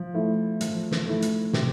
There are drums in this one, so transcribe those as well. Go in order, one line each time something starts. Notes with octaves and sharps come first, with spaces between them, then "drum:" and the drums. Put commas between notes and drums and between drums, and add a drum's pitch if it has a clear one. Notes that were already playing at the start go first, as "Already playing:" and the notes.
Already playing: F3
A3 E4
F3, drum: hi-hat
drum: snare
A3 E4
drum: hi-hat
C3, drum: snare